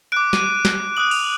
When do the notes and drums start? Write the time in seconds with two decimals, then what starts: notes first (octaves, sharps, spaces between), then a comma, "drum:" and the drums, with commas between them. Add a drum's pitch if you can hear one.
0.12 D6 F#6 D7
0.33 D#7, drum: snare
0.65 drum: snare
0.97 D#6 F#6 F#7
1.11 F7, drum: cymbal